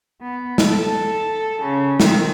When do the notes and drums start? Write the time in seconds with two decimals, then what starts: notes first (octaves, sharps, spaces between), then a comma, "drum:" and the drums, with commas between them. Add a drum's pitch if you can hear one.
0.21 B3
0.58 drum: snare
0.68 A4
1.63 C#3
2.00 D#3 C4, drum: snare